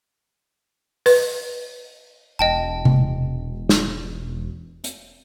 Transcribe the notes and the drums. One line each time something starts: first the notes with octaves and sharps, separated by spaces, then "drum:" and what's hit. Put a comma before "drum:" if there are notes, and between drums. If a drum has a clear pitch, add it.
B4, drum: open hi-hat
E1 D#5 G5 A5
drum: tom C3
drum: snare
drum: hi-hat